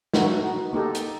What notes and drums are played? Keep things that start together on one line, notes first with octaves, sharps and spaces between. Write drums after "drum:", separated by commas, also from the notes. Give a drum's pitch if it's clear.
A3 F#4 A#4 B4, drum: snare
D#4 F#4
A#3 D#4 G4 A4
drum: hi-hat